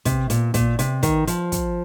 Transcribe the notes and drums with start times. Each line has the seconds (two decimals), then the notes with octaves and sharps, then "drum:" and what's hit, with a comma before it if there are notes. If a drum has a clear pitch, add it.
0.05 C3, drum: kick, hi-hat
0.30 A#2, drum: hi-hat
0.54 A#2, drum: kick, hi-hat
0.79 C3, drum: hi-hat
1.03 D#3, drum: kick, hi-hat
1.27 F3, drum: hi-hat
1.52 drum: kick, hi-hat